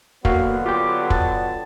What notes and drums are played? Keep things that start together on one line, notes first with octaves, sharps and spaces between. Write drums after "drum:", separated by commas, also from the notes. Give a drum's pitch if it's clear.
D3 F#3 A#3 B3 F#4 F5, drum: kick
F4 G4 G5
A5, drum: kick